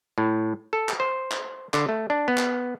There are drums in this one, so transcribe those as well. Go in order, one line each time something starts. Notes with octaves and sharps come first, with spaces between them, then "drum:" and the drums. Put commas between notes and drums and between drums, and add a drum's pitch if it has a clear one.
A2
A4
drum: clap
C5
drum: clap
D3, drum: clap
A3
D4
B3
drum: clap